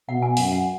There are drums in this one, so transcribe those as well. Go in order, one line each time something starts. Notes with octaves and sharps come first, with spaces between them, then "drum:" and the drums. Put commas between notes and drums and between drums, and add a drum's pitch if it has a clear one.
B2 F#5
G#5
F#2 F#5, drum: open hi-hat
F#5